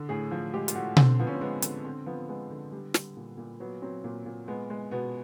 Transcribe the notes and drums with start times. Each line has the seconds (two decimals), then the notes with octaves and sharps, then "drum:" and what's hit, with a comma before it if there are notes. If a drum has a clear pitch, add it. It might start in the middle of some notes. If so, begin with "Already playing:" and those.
Already playing: D3
0.09 A2 G#4
0.31 F3
0.54 G#3 G4
0.68 F4, drum: hi-hat
0.75 A2 F#4
0.97 D3 C4, drum: tom B2
1.20 F3 B3
1.27 C#4
1.35 C4
1.41 G#3 B3
1.62 D3, drum: hi-hat
1.85 D3 C4
2.06 F3 B3
2.29 G#3 B3
2.50 D3
2.72 G3
2.94 G3, drum: snare
3.17 A#2
3.38 A#2
3.60 F#3 B3
3.82 F#3 C4
4.04 A#2
4.26 A#2
4.48 G#3 B3
4.70 G#3
4.91 B2 B3